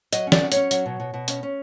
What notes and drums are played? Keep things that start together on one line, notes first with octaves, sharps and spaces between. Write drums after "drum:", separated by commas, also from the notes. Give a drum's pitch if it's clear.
F#3 D#5, drum: hi-hat
C#4
D5, drum: snare
F#3
C#4 C#5, drum: hi-hat
F#3, drum: hi-hat
B2
B2
B2
C#4, drum: hi-hat
C#4